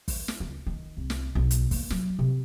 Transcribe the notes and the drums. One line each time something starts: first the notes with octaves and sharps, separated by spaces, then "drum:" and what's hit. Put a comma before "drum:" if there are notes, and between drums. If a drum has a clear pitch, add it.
drum: kick, open hi-hat
drum: snare
C#2
D#3
C2
drum: snare
B1
drum: hi-hat
A#3, drum: kick, open hi-hat
F#3, drum: snare
C3